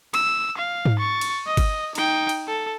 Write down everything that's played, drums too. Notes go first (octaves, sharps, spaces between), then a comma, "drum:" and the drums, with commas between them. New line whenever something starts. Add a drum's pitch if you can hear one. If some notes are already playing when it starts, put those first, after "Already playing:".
E6, drum: cymbal
F5
drum: tom G#2
C#6 A6
drum: cymbal
D#5
drum: kick, cymbal
D#4 G5, drum: cymbal
drum: cymbal
A4